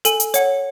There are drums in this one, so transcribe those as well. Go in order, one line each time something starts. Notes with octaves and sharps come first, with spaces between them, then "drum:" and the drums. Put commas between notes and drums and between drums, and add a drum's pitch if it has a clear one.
A4 G#5, drum: hi-hat
drum: hi-hat
C#5 F#5, drum: hi-hat